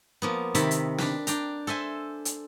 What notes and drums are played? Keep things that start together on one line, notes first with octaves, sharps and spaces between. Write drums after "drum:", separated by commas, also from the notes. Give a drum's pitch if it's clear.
F3 A#3 B3
C3 D#3 E5 A5 B5, drum: hi-hat
drum: hi-hat
D4 B5, drum: snare
D4 G5 A#5, drum: hi-hat
A4 C5 E5 G#5
drum: hi-hat